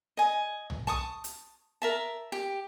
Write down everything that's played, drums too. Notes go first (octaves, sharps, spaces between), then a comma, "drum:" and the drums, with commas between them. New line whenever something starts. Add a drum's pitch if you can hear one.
D#5 G#5
drum: tom C2
A5 C#6 D#6, drum: kick
drum: hi-hat
A#4 E5 A5
G4